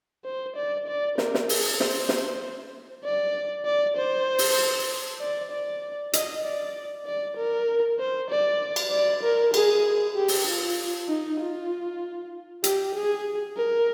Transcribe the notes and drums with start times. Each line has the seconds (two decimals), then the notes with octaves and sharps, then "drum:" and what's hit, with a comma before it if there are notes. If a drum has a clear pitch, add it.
0.25 C5
0.56 D5
0.87 D5
1.18 A#4, drum: snare
1.34 drum: snare
1.49 G#4, drum: open hi-hat
1.80 C5, drum: snare
2.09 drum: snare
3.04 D5
3.65 D5
3.97 C5
4.39 drum: open hi-hat
5.20 D5
5.51 D5
6.13 D#5, drum: hi-hat
6.44 D5
7.06 D5
7.37 A#4
7.99 C5
8.30 D5
8.76 drum: cymbal
8.92 D5
9.23 A#4
9.54 G#4, drum: cymbal
10.16 G4
10.28 drum: open hi-hat
10.47 F4
11.09 D#4
11.40 F4
12.64 G4, drum: hi-hat
12.94 G#4
13.57 A#4